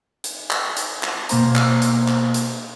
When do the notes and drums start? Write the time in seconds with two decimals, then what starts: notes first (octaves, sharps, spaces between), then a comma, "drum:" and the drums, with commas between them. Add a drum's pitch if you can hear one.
0.24 drum: hi-hat
0.50 drum: clap
0.77 drum: hi-hat
1.03 drum: clap
1.29 B2 A#3 C5 A#5, drum: hi-hat
1.56 drum: clap
1.82 drum: hi-hat
2.08 drum: clap
2.34 drum: hi-hat